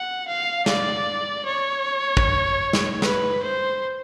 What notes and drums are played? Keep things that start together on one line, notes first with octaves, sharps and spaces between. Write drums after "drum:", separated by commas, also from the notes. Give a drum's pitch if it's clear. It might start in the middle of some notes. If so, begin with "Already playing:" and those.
Already playing: F#5
F5
D5, drum: snare
C#5
drum: kick
drum: snare
B4, drum: snare
C5